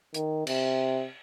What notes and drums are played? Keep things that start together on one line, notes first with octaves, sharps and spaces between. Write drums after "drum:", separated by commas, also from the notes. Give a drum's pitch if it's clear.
D#3, drum: hi-hat
C3, drum: cymbal